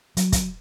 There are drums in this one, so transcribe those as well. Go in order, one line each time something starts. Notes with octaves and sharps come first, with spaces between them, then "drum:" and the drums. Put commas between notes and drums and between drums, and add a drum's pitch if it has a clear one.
F#3, drum: hi-hat
drum: kick, hi-hat